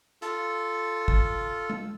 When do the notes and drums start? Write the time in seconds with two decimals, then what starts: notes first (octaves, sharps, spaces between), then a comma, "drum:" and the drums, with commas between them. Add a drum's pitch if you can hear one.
0.22 F4 A4, drum: hi-hat
1.08 drum: kick
1.70 drum: tom G#3